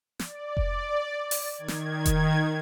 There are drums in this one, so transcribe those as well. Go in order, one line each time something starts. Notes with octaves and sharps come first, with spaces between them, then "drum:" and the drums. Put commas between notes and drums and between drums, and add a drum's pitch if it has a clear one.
D5, drum: snare
drum: kick F1
drum: open hi-hat
D#3 G#6
drum: snare
drum: kick F1, hi-hat